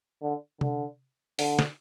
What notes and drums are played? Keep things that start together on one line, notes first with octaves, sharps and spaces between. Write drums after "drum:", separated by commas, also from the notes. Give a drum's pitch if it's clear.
D3
D3, drum: tom C3
D3, drum: open hi-hat
drum: snare